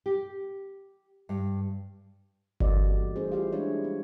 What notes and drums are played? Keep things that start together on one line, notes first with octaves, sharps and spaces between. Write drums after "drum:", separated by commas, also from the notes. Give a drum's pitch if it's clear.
G4
G2
E3 F#4 A4 D5 D#5, drum: kick G1
G3 A#3 B3
G3 A3 C#4 E4 G#4 C5
E4 F4 G4 G#4 F5
G#3 D4 E4 C#5
B3